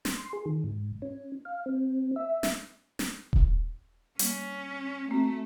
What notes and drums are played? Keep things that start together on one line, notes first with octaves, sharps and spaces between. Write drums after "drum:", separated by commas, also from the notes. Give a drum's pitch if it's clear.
C6, drum: snare
G#4
D#3
G#2
C#4
F5
C4
E5
drum: snare
drum: snare
drum: kick D#1
G3 A#3 C#4, drum: hi-hat
A3 A#3 C4 F#4